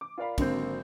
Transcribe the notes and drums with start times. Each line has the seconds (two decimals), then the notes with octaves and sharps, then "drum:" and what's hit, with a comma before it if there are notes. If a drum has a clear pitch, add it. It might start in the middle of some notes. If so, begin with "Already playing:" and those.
0.01 D6
0.18 F4 A#4 D5 F5 B5
0.38 G#1 D3 F#3 A#3 C4 G6, drum: kick, cymbal